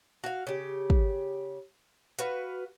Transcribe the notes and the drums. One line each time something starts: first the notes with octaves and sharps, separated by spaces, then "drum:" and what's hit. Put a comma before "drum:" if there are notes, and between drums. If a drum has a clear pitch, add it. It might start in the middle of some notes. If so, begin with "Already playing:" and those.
F#4 F5
C#3 G4
drum: kick
F#4 B4 F5, drum: hi-hat